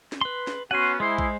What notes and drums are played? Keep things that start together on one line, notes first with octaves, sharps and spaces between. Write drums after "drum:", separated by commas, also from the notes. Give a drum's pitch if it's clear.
drum: snare
B4 C6
drum: snare
B3 C#4 F#4 F#5 C6 D#7
G#3 E4 G#4 C5 C6
drum: kick